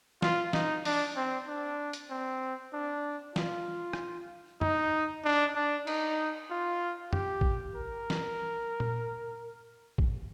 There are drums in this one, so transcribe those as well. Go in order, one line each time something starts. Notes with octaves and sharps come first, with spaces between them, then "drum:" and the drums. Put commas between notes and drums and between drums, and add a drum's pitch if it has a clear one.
F4, drum: snare
D#4, drum: snare
D4, drum: open hi-hat
C4
D4
drum: hi-hat
C4
D4
F4, drum: snare
drum: rim click
D#4, drum: tom F2
D4
D4
D#4, drum: cymbal
F4
G4, drum: tom F2
drum: kick A1
A#4
drum: snare
drum: tom A#2
drum: kick A1